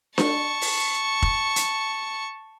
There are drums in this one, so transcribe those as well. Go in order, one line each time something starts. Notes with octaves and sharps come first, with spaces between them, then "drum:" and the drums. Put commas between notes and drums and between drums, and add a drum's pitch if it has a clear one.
A5 C#6, drum: snare D4
drum: open hi-hat
drum: kick
drum: hi-hat